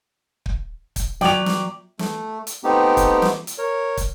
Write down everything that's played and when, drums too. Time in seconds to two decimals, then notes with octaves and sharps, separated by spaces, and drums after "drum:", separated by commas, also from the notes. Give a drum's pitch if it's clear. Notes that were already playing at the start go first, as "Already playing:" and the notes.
0.46 drum: kick
0.96 drum: kick, hi-hat
1.21 F#3 D5 G5 F7, drum: snare
1.46 drum: snare
1.99 A3, drum: snare
2.47 drum: hi-hat
2.64 A3 B3 C4 D#4 G4
2.97 drum: kick, hi-hat
3.22 drum: snare
3.47 drum: hi-hat
3.58 A#4 C#5
3.97 drum: kick, hi-hat